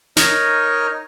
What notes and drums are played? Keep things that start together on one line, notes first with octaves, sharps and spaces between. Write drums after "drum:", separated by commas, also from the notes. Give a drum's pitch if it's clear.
D#4 A#4 C#5 D#5, drum: snare